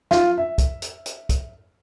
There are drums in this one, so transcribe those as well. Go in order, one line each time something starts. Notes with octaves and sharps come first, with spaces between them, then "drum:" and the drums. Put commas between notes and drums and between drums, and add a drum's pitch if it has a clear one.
F4, drum: snare
E5
drum: kick, hi-hat
drum: hi-hat
drum: hi-hat
drum: kick, hi-hat